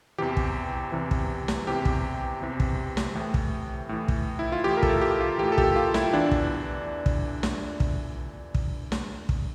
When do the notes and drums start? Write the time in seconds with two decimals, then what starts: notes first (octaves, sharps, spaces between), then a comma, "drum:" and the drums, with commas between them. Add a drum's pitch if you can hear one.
0.18 E2 C3 E3 G4
0.37 drum: kick
0.92 E2 C3 E3
1.11 drum: kick
1.48 drum: snare
1.67 E2 C3 E3 G4
1.85 drum: kick
2.42 E2 C3 E3
2.60 drum: kick
2.97 drum: snare
3.15 A2 E3
3.34 drum: kick
3.89 A2 E3
4.08 drum: kick
4.39 E4
4.52 F4
4.64 A2 E3 G4
4.77 A#4
4.83 A4, drum: kick
5.01 G4
5.21 F4
5.38 A2 E3 G4
5.52 A4
5.58 G4, drum: kick
5.76 F4
5.94 E4, drum: snare
6.13 E2 E3 D4
6.31 drum: kick
7.06 drum: kick
7.43 drum: snare
7.80 drum: kick
8.55 drum: kick
8.92 drum: snare
9.29 drum: kick